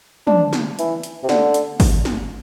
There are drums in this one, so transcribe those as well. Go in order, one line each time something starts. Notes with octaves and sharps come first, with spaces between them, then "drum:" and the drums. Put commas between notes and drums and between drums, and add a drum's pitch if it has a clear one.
D4, drum: tom
drum: snare A#3
E3, drum: hi-hat
drum: hi-hat
C3
D3, drum: snare A#3
drum: hi-hat
drum: kick, open hi-hat
drum: snare A#3